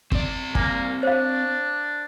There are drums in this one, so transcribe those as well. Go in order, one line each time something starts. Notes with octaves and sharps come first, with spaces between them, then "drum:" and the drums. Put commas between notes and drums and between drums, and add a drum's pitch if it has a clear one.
C4 D5, drum: kick
A#3 G#5, drum: kick
D4 C5 F5